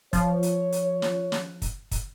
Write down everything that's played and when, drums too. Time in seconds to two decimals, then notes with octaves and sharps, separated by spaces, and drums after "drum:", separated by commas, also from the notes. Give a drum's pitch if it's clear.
0.13 F3 C#5, drum: kick, hi-hat
0.43 drum: hi-hat
0.72 drum: hi-hat
1.02 drum: snare
1.32 drum: snare
1.62 drum: kick, hi-hat
1.91 drum: kick, hi-hat